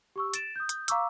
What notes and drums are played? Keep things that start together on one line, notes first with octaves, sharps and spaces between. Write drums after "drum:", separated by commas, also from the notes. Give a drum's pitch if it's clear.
G4 C#6 E6
A6 D7 E7, drum: hi-hat
D#6 G6
drum: hi-hat
F5 A#5 C#6 D6 E6, drum: hi-hat